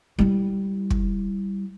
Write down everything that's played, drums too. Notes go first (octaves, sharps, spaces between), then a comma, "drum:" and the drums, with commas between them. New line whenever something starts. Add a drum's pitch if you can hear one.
G3 E4
drum: kick